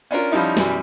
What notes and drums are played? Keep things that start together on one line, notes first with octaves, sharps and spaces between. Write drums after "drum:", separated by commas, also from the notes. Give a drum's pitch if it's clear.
C#4 D4 F4 A#4
F3 G3 C#4 D#4 E4
F#2 B2 E3 G3, drum: snare